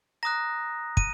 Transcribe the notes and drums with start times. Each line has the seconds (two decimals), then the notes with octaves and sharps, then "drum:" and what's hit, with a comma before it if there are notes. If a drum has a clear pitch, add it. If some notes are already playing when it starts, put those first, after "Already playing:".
0.23 A#5 D#6 F#6 A#6
0.97 D#7, drum: kick